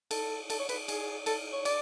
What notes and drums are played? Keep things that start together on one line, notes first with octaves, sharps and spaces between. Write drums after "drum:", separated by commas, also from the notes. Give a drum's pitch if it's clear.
A4, drum: cymbal
A4, drum: cymbal
C#5
B4, drum: cymbal
G#4, drum: cymbal
A4, drum: cymbal
C#5
D5, drum: cymbal